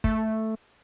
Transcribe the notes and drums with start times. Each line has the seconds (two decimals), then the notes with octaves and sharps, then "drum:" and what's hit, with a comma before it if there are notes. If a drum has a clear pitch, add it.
0.04 A3, drum: kick